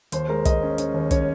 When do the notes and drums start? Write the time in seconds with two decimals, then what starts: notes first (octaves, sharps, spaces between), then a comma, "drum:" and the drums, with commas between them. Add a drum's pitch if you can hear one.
0.12 D#2 C5, drum: hi-hat
0.28 G#3 A#4
0.45 G#3 D#5, drum: kick, hi-hat
0.62 C#4
0.78 C#4, drum: hi-hat
0.94 D#2
1.11 C#4 C#5, drum: kick, hi-hat